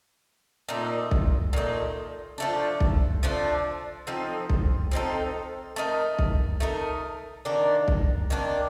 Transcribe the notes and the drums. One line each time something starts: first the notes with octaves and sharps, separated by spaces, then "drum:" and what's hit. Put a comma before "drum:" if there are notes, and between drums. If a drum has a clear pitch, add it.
A#2 A3 D#4
drum: kick B1
A#2 A3 D#4
F3 A3 D4
drum: kick B1
F3 A3 D4
F3 C4 D#4 A4
drum: kick B1
F3 C4 D#4 A4
A3 D#4 A#4
drum: kick B1
A3 D#4 A#4
D#3 A#3 D4
drum: kick B1
D#3 A#3 D4